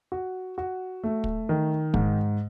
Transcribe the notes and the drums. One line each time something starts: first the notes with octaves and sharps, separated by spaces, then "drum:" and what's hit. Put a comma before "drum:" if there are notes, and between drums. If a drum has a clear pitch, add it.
F#4
F#4
A3
drum: kick
D#3
G#2, drum: kick